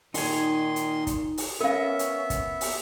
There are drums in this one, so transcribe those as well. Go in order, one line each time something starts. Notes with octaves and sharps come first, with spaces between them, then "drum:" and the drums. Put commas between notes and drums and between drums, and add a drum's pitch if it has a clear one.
A#2 D#3 D#4 G#5 C6, drum: open hi-hat
drum: hi-hat
drum: kick, hi-hat
drum: open hi-hat
B3 C#4 A#4 E5 F5
drum: hi-hat
drum: kick, hi-hat
drum: open hi-hat